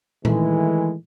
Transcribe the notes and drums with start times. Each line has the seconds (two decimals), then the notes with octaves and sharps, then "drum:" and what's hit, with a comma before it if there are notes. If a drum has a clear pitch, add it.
0.25 D#3 E3 G#3 A3, drum: tom A#2